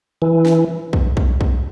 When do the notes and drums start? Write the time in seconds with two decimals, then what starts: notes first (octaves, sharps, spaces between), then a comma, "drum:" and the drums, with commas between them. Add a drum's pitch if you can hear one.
0.22 E3
0.46 drum: snare
0.93 drum: kick B1
1.17 drum: kick B1
1.41 drum: kick B1